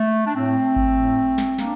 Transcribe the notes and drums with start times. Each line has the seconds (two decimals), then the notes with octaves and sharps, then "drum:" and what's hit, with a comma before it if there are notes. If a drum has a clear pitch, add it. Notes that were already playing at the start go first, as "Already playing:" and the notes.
Already playing: A3
0.26 D4
0.35 A2 A3 C4
0.76 drum: kick G#1
0.97 A2
1.38 drum: snare
1.58 A#3 D4, drum: snare